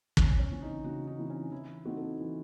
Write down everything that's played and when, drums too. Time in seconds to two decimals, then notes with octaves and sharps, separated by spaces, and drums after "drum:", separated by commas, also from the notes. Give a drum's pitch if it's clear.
0.17 C#3 C#4, drum: kick
0.39 C#4
0.51 E3 C4 E4
0.62 D#4
0.84 C#3 F#4
1.07 D#4
1.18 E3 C4 E4
1.30 C#4
1.52 E3 E4
1.85 C4 D#4 F#4
1.97 A4
2.20 E3